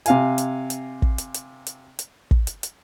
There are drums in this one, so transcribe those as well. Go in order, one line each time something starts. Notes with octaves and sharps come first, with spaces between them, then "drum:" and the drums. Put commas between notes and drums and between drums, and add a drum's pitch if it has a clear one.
C3 F5 G#5, drum: hi-hat
drum: hi-hat
drum: hi-hat
drum: kick
drum: hi-hat
drum: hi-hat
drum: hi-hat
drum: hi-hat
drum: kick
drum: hi-hat
drum: hi-hat